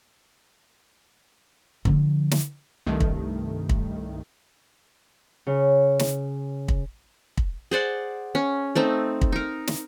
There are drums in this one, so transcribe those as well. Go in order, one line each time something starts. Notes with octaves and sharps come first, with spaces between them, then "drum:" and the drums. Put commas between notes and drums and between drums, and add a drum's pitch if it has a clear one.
D3 F3, drum: kick
drum: snare
C2 G2 D#3 A3
drum: kick
drum: kick
C#3
drum: snare
drum: kick
drum: kick
G#4 C5 D5 F#5
C#4
A3 C4 D#4
drum: kick
D#4 A#4
drum: snare